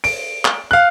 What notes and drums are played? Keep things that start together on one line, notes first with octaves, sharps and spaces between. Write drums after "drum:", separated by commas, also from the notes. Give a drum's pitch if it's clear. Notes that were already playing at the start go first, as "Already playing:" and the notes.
D7, drum: open hi-hat
drum: clap
F5 F#6